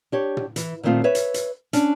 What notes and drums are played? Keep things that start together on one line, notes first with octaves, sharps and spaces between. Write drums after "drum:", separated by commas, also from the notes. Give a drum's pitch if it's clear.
D4 G4 C#5
drum: tom
E3, drum: hi-hat
A#2 D#3 A3 C4 F4
B4 C#5 E5
drum: hi-hat
drum: hi-hat
C#4 D4, drum: hi-hat